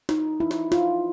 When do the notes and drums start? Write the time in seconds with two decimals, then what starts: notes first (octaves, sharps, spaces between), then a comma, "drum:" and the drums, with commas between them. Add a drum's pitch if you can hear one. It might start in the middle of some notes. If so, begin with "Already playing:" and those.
0.09 D#4, drum: snare
0.40 E4
0.51 drum: snare
0.72 F4, drum: snare